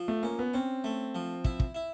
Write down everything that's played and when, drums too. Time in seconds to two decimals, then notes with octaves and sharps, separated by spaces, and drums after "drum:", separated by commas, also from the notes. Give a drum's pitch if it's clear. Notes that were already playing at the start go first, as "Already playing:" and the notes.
Already playing: F3
0.08 A3
0.23 A#3 C#4
0.39 B3
0.54 C4 C#4
0.84 A3
1.15 F3
1.44 E4, drum: kick
1.60 drum: kick
1.75 E4